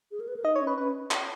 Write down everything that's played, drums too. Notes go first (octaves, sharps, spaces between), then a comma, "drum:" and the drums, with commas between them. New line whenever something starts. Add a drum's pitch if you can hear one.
G#4
A#4
B4
A#4
D#4 D#5
C#5
C#4
B4
C#4 B4
drum: clap